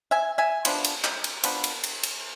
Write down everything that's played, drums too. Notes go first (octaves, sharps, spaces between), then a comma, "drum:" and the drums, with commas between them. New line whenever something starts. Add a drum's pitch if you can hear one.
E5 G#5
E5 G#5
F3 B3 D4, drum: cymbal
drum: cymbal
drum: clap
drum: cymbal
F3 B3 D4, drum: cymbal
drum: cymbal
drum: cymbal
drum: cymbal